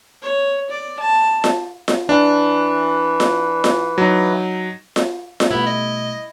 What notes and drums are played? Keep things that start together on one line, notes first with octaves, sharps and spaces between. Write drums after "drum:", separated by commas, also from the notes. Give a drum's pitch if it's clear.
C#5
D5
A5
drum: snare F4
drum: snare F4
E3 D4
drum: snare F4
drum: snare F4
F#3 D#4
drum: snare F4
drum: snare F4
B2 G3 A3 B3 E4
D#5